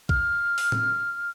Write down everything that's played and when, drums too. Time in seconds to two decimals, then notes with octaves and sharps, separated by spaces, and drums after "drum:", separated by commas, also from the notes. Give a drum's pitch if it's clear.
0.09 F6, drum: kick
0.58 drum: open hi-hat
0.72 drum: tom A2